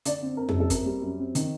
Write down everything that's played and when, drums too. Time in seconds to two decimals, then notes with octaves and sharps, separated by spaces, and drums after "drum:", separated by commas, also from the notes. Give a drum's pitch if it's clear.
0.05 D3 D5, drum: hi-hat
0.22 C4
0.37 C4 A#4
0.49 A4, drum: tom F2
0.54 F#2
0.60 A4
0.70 C4 A#4, drum: kick, hi-hat
0.86 G3
1.02 F#2
1.19 C4
1.35 D#3, drum: hi-hat